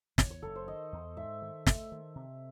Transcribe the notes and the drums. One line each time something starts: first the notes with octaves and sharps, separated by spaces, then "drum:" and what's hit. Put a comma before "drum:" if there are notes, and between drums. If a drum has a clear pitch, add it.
E2 C#5, drum: snare
C#5
F#1 A4
C5
D#3 D#5
E2
G#2 E5
D#3
A3 E5, drum: snare
D#3
C3